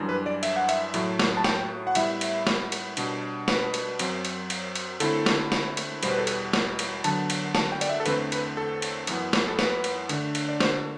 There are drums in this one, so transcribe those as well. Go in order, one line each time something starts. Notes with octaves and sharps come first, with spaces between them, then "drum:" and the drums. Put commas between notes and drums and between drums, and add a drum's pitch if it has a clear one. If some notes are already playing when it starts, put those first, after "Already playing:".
Already playing: F#2 E3 G3 D4
B4
D5
E5, drum: cymbal
F#5
E5, drum: cymbal
A2 F#3 A3, drum: cymbal
drum: snare
A5
G5, drum: snare
F#5
A2 G3 B3 E4 E5, drum: cymbal
drum: cymbal
drum: snare
drum: cymbal
B2 G3 D4, drum: cymbal
B4, drum: snare
drum: cymbal
F#2 F#3 C4, drum: cymbal
drum: cymbal
drum: cymbal
drum: cymbal
D3 A3 C4 E4 A4, drum: cymbal
drum: snare
drum: snare
drum: cymbal
E2 B2 G3 C5, drum: cymbal
B4
A4
B4, drum: cymbal
drum: snare
drum: cymbal
D3 F#3 B3 A5, drum: cymbal
drum: cymbal
A5, drum: snare
G5
D5, drum: cymbal
E5
A4
E2 D3 A3 C4 B4, drum: cymbal
B4, drum: cymbal
A4
drum: cymbal
F#2 E3 B3, drum: cymbal
drum: snare
A4
B4, drum: snare
drum: cymbal
D3 A3 D4, drum: cymbal
drum: cymbal
D5
C5, drum: snare